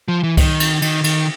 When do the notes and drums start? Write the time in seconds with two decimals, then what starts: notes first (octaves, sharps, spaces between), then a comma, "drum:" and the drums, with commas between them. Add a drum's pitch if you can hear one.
0.08 F3
0.23 E3
0.37 D#3, drum: kick C2, cymbal
0.60 drum: cymbal
0.82 D#3, drum: cymbal
1.04 D#3, drum: cymbal